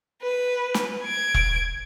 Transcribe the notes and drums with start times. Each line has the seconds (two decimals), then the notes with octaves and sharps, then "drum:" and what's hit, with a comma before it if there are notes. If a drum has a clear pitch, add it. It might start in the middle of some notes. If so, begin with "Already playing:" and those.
0.22 B4
0.74 drum: snare
1.04 G#6 D7
1.34 drum: kick E1